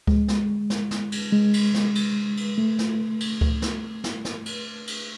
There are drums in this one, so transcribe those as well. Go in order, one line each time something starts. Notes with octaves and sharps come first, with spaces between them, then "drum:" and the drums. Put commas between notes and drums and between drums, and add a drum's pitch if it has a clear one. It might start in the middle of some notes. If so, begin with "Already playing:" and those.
G#3, drum: kick C#2
drum: snare
drum: snare
drum: snare
drum: cymbal
G#3
drum: cymbal
drum: snare
drum: cymbal
drum: cymbal
A3
drum: snare
drum: cymbal
drum: kick C#2
drum: snare
drum: snare
drum: snare
drum: cymbal
drum: cymbal